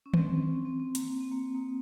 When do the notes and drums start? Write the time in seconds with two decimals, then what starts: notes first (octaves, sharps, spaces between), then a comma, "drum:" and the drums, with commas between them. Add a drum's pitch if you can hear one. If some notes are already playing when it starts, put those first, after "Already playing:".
0.06 C#4
0.14 C4, drum: tom D#3
0.21 C#4
0.35 C4
0.50 C4
0.65 C4
0.80 C4
0.95 A#3, drum: hi-hat
1.10 A#3
1.21 C4
1.31 A#3
1.54 A#3